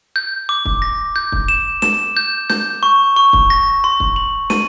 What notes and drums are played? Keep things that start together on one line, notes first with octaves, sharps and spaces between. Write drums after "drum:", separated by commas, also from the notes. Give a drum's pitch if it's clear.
G6
D6
drum: kick
A#6
G6
drum: kick
E7
E7, drum: snare
G6
G6, drum: snare
C#6
C#6
drum: kick
A#6
C6
drum: kick
F#7
D#7, drum: snare